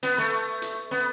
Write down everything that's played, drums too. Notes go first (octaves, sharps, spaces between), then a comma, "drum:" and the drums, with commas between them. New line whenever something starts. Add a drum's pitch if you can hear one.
B3, drum: hi-hat
A3
drum: hi-hat
B3